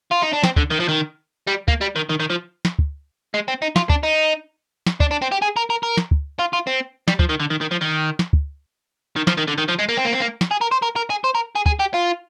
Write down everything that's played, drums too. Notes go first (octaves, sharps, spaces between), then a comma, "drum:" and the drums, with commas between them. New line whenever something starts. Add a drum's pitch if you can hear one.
F4
D#4
D4
C4, drum: snare
D3, drum: kick
D#3
F3
D#3
G3
A#3, drum: kick
G3
D#3
D#3
D#3
F3
drum: snare
drum: kick
G#3
C4
D#4
F4, drum: snare
D4, drum: kick
D#4
drum: snare
D4, drum: kick
D4
C4
G4
G#4
A#4
A#4
A#4
drum: snare
drum: kick
F4
F4
C4
G3, drum: snare
F3, drum: kick
D#3
D3
D#3
D#3
F3
D#3
drum: snare
drum: kick
D#3
F3, drum: snare
D#3
D3
D#3
F3
G#3
A#3
C4
A#3
C4
A#3
drum: snare
G#4
A#4
C5
A#4
A#4
G#4
C5
A#4
G#4
G#4, drum: kick
G4
F4